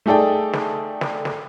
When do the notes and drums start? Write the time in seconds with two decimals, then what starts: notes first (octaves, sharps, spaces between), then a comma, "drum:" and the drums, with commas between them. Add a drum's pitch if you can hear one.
0.06 A3 D#4 G#4 A4 D5 G5
0.53 drum: snare
1.01 drum: snare
1.25 drum: snare